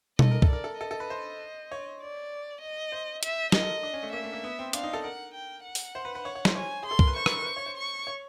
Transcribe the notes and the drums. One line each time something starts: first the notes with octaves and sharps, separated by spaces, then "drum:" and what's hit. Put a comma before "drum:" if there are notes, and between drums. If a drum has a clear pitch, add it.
A4 D#5, drum: tom B2
A#4
A4, drum: kick
A#4 D5
A4
A4 D#5
A4
B4
C5
C#5
D5
D#5
C5
E5, drum: hi-hat
A#4 D#5, drum: snare
A4
D4
C#4
A3
A#3 E5
A3
A#3
B3
C4
D4 F5, drum: hi-hat
D#4
A4
A#4 F#5
G5
F#5
drum: open hi-hat
C5
B4
B4
C#5
C#5
C5, drum: snare
C#5 G#5
G#4
A4 C6
A#4, drum: kick
B4
C5 C#6
B4, drum: rim click
A#4
B4
C5
C#5
C5
C#6
C#5